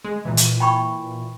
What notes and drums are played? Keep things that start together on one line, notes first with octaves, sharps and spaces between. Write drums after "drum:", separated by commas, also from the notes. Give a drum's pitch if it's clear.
G#3
A#2 E3
drum: hi-hat
G5 B5 C#6